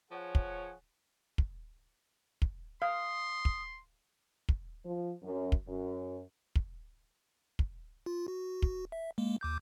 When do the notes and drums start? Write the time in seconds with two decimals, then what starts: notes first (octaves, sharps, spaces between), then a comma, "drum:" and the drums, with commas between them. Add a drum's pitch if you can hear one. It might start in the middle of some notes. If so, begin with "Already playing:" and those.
0.11 F3 G#4 C#5 F#5
0.35 drum: kick
1.38 drum: kick
2.42 drum: kick
2.82 F5 C6 D#6
3.45 drum: kick
4.49 drum: kick
4.84 F3
5.23 F#2
5.52 drum: kick
5.67 F#2
6.55 drum: kick
7.59 drum: kick
8.06 F4
8.28 F#4
8.62 drum: kick
8.92 E5
9.18 G#3 A#3
9.41 D#2 D6 G6